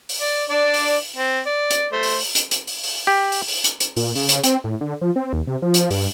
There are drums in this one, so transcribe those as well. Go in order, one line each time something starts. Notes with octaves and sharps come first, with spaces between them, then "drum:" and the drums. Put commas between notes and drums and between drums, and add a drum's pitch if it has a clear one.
drum: open hi-hat
D5
D4 D5
drum: open hi-hat
C4
D5
drum: hi-hat
A3 C5
drum: open hi-hat
drum: open hi-hat
drum: hi-hat
drum: hi-hat
drum: open hi-hat
drum: open hi-hat
G4
drum: open hi-hat
drum: open hi-hat
drum: hi-hat
drum: hi-hat
A#2, drum: open hi-hat
C#3, drum: open hi-hat
drum: hi-hat
C4, drum: hi-hat
A2
D3
F3
C4
D#2
C3
F3
drum: hi-hat
G2, drum: open hi-hat